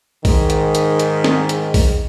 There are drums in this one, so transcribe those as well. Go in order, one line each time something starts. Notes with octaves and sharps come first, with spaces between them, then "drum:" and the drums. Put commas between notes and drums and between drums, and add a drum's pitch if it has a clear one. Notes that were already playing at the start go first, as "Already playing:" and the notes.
G#2 D#3, drum: kick, open hi-hat
drum: hi-hat
drum: hi-hat
drum: hi-hat
drum: snare
drum: hi-hat
drum: kick, open hi-hat